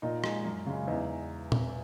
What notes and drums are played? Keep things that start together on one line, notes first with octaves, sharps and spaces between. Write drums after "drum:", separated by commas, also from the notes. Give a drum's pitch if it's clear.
A#2 D#4
G#3, drum: rim click
F#2
C#3 G#3
E2 D#4
drum: tom